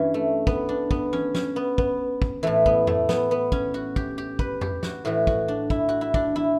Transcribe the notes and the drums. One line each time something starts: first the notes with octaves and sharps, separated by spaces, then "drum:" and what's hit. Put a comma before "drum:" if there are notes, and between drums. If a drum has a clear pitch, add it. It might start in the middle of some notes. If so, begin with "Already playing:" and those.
Already playing: G2 E3 C#4
A3
B3, drum: kick
D4
B3, drum: kick
C#4, drum: tom E3
C#4, drum: snare
B3
B3, drum: kick
drum: kick
A2 E3 A3
B3, drum: kick
A3, drum: tom F2
B3, drum: snare
B3
C#4, drum: kick
F#4
G4, drum: kick
G4
B4, drum: kick
G4, drum: tom F2
F#4, drum: snare
A2 E3 F#4
F#4, drum: kick
D4
E4, drum: kick
F#4
E4
D4, drum: kick
E4, drum: tom E3